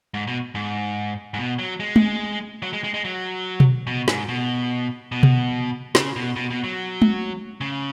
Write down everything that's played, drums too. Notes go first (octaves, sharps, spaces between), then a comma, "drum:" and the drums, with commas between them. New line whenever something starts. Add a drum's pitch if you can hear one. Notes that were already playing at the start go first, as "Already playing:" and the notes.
G#2
B2
G#2
G#2
B2
F#3
G#3
drum: tom
F#3
G#3
G#3
G#3
F#3
drum: tom B2
B2
G#2, drum: snare
B2
B2
drum: tom B2
C#3, drum: snare
B2
B2
B2
F#3
drum: tom
C#3